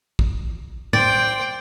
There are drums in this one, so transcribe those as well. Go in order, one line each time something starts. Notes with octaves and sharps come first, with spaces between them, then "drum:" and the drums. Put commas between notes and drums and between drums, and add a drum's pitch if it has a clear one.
drum: kick
C5 D5 G5, drum: tom